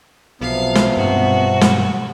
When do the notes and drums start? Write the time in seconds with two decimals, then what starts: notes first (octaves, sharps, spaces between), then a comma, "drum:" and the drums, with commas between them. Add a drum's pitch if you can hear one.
0.41 B1 C3 F3 B3 F5
0.75 drum: snare
0.97 G2 B2 C4 F#4
1.61 drum: snare